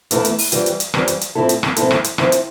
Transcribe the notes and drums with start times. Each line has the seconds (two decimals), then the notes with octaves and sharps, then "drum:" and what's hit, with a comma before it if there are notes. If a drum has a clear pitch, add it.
0.11 E2 E3 A3 E4, drum: hi-hat
0.25 drum: hi-hat
0.38 drum: open hi-hat
0.52 F2 E3 G3, drum: hi-hat
0.66 drum: hi-hat
0.80 drum: hi-hat
0.94 F2 E3 G3, drum: rim click
1.08 drum: hi-hat
1.21 drum: hi-hat
1.35 A2 F3 C4 E4 A4
1.49 drum: hi-hat
1.63 drum: rim click
1.76 A2 F3 C4 E4 A4, drum: hi-hat
1.91 drum: rim click
2.04 drum: hi-hat
2.18 F3 C4 E4, drum: rim click
2.32 drum: hi-hat